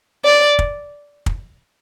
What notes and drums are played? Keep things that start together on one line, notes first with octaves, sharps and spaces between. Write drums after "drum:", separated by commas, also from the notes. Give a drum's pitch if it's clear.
D5
drum: kick
drum: kick